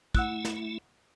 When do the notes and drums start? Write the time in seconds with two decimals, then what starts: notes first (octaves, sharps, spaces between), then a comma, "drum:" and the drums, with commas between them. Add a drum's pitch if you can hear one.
0.15 A3 E4 F#5 E6 F#6, drum: kick
0.45 drum: snare